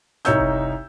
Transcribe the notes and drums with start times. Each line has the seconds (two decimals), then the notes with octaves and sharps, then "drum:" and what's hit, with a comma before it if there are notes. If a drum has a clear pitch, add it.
0.25 C2 D#4 C#5 E6 G6, drum: snare
0.41 drum: kick F#1